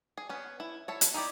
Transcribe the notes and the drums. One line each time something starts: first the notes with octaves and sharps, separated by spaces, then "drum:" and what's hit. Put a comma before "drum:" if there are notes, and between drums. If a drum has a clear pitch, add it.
G#4
B3 C#4
E4
E4 A4 C#5
drum: hi-hat
D#4 E4 G4 D5